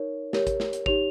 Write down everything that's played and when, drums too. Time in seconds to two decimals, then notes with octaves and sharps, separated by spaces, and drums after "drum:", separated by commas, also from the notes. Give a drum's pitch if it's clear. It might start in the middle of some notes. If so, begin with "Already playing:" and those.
Already playing: D#4 A#4 C#5
0.33 G4 A#4 C#5, drum: snare
0.47 drum: kick, hi-hat
0.60 drum: snare
0.73 drum: hi-hat
0.86 D#4 G4 C#5 F7, drum: kick